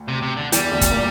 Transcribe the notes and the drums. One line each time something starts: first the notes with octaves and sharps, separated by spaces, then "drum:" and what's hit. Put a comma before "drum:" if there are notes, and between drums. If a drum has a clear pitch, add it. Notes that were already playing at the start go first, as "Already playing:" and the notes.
Already playing: D2
C3
C3
D3
E2 E3 G3, drum: hi-hat
D2 D3
drum: kick, hi-hat
A#2 A#3